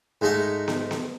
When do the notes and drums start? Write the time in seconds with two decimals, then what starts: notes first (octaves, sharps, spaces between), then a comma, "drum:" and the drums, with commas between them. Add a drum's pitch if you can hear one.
0.21 G#2 G#3 A3 D#4 F#5
0.68 drum: snare B3
0.91 drum: snare B3